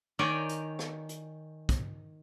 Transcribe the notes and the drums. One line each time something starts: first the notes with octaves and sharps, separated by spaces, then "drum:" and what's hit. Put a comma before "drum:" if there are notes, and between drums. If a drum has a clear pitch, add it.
D#3 A#4 C#5 D5 G5 G#5
drum: hi-hat
drum: rim click
drum: hi-hat
drum: kick, hi-hat